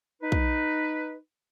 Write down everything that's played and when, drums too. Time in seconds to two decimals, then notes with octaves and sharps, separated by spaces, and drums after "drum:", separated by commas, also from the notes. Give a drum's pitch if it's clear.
0.21 D#4 B4
0.32 drum: kick